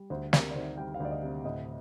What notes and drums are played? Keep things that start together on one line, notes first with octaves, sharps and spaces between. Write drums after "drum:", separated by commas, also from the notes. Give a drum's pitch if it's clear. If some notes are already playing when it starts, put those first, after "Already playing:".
Already playing: G3
D2 C5
C3 A#4, drum: snare
D5
D#3 C5
G3 G5
F5
D2 D5
D#5
C3
A2 D#5